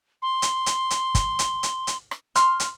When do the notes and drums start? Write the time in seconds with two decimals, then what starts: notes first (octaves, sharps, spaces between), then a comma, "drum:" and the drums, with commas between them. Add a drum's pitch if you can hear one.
0.22 C6
0.42 drum: hi-hat
0.66 drum: hi-hat
0.90 drum: hi-hat
1.15 drum: kick, hi-hat
1.39 drum: hi-hat
1.63 drum: hi-hat
1.87 drum: hi-hat
2.11 drum: rim click
2.35 C6 F6, drum: hi-hat
2.60 drum: hi-hat